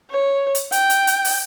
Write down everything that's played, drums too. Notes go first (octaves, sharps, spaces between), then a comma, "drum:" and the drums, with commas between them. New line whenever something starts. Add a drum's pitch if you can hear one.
C#5
drum: hi-hat
G5, drum: hi-hat
drum: hi-hat
drum: hi-hat
drum: open hi-hat